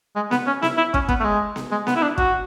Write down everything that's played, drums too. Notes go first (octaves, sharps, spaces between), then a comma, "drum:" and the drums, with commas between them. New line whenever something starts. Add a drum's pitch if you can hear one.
G#3
B3, drum: snare B3
C#4
E4, drum: snare B3
E4
C#4, drum: kick
B3, drum: kick
A3
G#3
drum: snare B3
G#3
B3, drum: snare B3
E4
D4
F#4, drum: kick